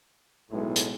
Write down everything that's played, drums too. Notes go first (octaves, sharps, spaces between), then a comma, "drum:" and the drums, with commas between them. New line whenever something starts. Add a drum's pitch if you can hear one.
B1 A2 G#3
drum: hi-hat